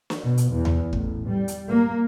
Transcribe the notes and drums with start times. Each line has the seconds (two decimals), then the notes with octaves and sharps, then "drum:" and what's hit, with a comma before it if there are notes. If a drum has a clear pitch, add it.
0.10 drum: snare
0.23 B2
0.38 drum: hi-hat
0.53 E2
0.65 drum: tom D#2
0.93 A1, drum: kick
1.28 G3
1.48 drum: hi-hat
1.68 A#3